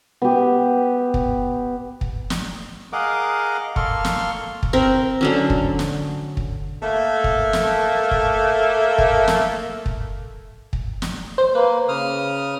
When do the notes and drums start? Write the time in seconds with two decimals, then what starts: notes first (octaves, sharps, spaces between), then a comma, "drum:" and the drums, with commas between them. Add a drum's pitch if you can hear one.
0.22 B3 G4
1.14 drum: kick
2.01 drum: kick
2.30 drum: snare
2.93 G#4 A#4 D#5 F5 F#5 D6
3.76 A#3 A4 F5 C6 C#6 F6, drum: kick
4.05 drum: snare
4.63 drum: kick
4.73 C4 A#4
5.21 D3 F#3 C#4
5.50 drum: kick
5.79 drum: snare
6.37 drum: kick
6.81 A3 A#3
7.24 drum: kick
7.53 drum: snare
8.11 drum: kick
8.98 drum: kick
9.28 drum: snare
9.86 drum: kick
10.73 drum: kick
11.02 drum: snare
11.38 C5
11.55 A#3 B4
11.88 C#3 D#6 F6